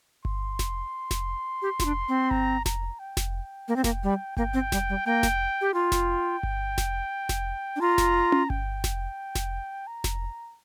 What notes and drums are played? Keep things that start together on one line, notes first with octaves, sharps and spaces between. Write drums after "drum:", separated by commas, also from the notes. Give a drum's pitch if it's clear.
C6, drum: kick G1
drum: snare F1
drum: snare F1
G4
F4, drum: snare F1
D4
C4
A#5, drum: kick G1
A#5, drum: snare F1
G5
drum: snare F1
A#3
C4
A#3, drum: snare F1
G3
A#3 G5, drum: kick G1
C4
G3, drum: snare F1
G3
A#3 G5
drum: snare F1
G4
F4 G5
drum: snare F1
drum: kick G1
drum: snare F1
drum: snare F1
D4
F4 A#5
drum: snare F1
drum: tom C#4
G5, drum: kick G1
drum: snare F1
drum: snare F1
A#5
drum: snare F1